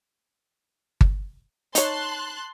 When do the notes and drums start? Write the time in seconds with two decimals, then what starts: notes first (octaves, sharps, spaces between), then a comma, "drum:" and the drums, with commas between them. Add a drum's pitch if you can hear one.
1.01 drum: kick G1
1.75 D#4 C#5 A5 C6 F#6, drum: hi-hat